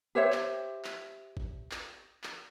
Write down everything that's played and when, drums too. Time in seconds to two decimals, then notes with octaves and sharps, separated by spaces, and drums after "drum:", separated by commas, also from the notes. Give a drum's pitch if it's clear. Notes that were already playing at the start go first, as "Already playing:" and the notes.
0.15 G4 C5 C#5 E5
0.32 drum: clap
0.85 drum: clap
1.37 drum: kick G#1
1.71 drum: clap
2.24 drum: clap